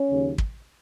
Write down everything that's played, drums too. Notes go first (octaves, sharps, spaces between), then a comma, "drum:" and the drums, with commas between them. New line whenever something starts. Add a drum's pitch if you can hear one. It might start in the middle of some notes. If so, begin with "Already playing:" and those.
Already playing: C#4
D#2 C#3 F#3
drum: kick